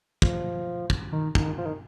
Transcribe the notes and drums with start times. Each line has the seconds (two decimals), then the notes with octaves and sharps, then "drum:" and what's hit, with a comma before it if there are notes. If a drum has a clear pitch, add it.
0.22 F3, drum: kick
0.90 drum: kick
1.13 D#3
1.35 D#3, drum: kick
1.58 F3
1.66 D#3